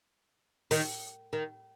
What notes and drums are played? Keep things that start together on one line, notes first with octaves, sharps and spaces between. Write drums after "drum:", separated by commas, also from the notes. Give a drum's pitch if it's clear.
D#3, drum: open hi-hat
D#3